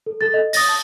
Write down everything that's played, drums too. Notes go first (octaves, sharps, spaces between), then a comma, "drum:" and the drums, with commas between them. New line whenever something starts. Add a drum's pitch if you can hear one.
A4
A4 A6
D#5
D#6 A6 A#6, drum: open hi-hat
A5